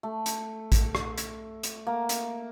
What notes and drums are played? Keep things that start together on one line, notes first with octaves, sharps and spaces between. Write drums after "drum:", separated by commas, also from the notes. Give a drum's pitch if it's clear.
A3
drum: hi-hat
drum: kick, hi-hat
drum: rim click
drum: hi-hat
drum: hi-hat
A#3
drum: hi-hat